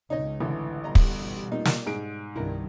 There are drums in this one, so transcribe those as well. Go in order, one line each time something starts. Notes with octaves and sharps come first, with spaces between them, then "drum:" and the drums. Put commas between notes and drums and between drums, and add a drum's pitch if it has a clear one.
C#2 D#4 C#5 D#5
A1 D3 E3
B2 G3 D#5 A#5
drum: kick
A#3 D#4 F4
drum: snare
G#2 G#4 D7
C2 G2 D#3 E4 A#4